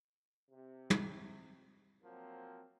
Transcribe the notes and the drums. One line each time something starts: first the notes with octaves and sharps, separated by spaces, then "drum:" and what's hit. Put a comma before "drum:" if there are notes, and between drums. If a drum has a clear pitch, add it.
C3
drum: tom
F3 F#3 A#3 C4